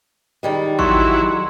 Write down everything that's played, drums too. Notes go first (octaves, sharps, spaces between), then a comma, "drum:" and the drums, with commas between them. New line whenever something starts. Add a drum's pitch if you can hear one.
D#3 G3 G#3
F#3 E4 C6 C#6, drum: kick A1